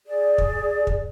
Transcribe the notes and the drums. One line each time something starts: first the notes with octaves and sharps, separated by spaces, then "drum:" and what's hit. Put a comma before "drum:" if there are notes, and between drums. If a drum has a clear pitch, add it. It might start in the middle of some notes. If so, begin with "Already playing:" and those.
G#4 D5
drum: kick
drum: kick